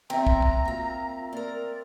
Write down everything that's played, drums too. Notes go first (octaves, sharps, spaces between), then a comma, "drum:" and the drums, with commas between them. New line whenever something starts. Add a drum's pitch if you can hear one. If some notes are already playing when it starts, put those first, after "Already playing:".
E2 C4 E5 G5 A#5, drum: cymbal
drum: kick
drum: kick
A#3 F4
A#3 A#4 D5